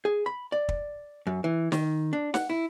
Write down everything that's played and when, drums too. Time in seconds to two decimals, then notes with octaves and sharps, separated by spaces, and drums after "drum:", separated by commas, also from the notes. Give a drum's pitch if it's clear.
0.05 G#4
0.26 B5
0.52 D5
0.69 drum: kick
1.27 F#2
1.44 E3
1.72 D#3, drum: snare
2.13 D4
2.34 F#5, drum: snare
2.50 E4